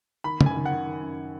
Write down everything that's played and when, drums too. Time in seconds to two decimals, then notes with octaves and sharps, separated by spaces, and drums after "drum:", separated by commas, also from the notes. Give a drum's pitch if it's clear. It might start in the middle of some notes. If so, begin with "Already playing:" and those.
0.24 D#3 B5
0.41 F#2, drum: tom
0.46 G#5
0.56 D#3
0.66 F#5
0.71 D#3
0.87 D#3
1.02 F#2